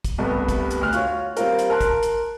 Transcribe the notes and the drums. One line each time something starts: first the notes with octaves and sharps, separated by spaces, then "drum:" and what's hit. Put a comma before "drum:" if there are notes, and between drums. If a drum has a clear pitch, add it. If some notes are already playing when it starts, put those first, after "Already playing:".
drum: kick, hi-hat
C2 G2 A3 B3
drum: kick, hi-hat
drum: hi-hat
D2 F6 F#6
F4 F#4 C#5, drum: hi-hat
G3 C4 F4 A#4, drum: hi-hat
drum: hi-hat
A#4 A5 C6 F#6
drum: kick, hi-hat
drum: hi-hat